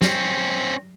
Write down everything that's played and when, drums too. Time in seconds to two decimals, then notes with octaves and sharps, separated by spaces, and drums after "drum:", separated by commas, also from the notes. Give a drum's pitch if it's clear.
0.02 C4 C#4, drum: snare